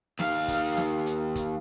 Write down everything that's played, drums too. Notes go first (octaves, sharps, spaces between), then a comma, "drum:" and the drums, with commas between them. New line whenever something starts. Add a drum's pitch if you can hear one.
D#2 F5, drum: snare
drum: kick, open hi-hat
drum: snare
drum: hi-hat
drum: kick, hi-hat